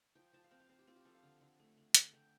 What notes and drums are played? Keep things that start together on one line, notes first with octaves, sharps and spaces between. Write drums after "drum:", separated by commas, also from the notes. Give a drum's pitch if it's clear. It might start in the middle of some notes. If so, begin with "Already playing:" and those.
F3 G5
F3 A5
F5
C4 G5
F5
C4 C5
G4
C4 F4
G4
F3 A4
F5
D3
D3
A3
D3
D3 A5, drum: hi-hat
D3 G5